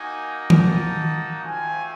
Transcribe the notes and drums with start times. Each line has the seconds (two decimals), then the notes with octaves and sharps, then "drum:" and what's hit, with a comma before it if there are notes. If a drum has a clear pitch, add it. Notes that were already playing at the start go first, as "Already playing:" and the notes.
Already playing: A#3 D#4 F#4 G#5
0.50 A5, drum: tom D#3
1.42 A3 C4 F4 G#5